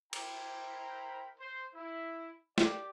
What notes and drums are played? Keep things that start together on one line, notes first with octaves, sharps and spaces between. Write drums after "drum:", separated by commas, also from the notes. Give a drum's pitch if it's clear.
E4 A#4 C5 G5 A#5 B5, drum: cymbal
C5
E4
G4 D5, drum: snare